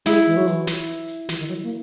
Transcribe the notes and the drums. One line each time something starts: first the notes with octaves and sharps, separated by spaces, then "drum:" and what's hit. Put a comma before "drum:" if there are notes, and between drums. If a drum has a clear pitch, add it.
G#3 E4, drum: snare
E3, drum: hi-hat
F#3
E3, drum: hi-hat
drum: snare
drum: hi-hat
drum: hi-hat
E3, drum: snare
D#3
F#3, drum: hi-hat
A#3